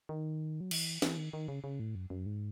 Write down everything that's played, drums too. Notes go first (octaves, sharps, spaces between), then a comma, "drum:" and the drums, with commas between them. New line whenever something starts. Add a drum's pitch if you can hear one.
D#3
F#3
E3, drum: cymbal
E3, drum: snare
D#3
D#3
C#3
C#3
A2
F#2
F#2
G#2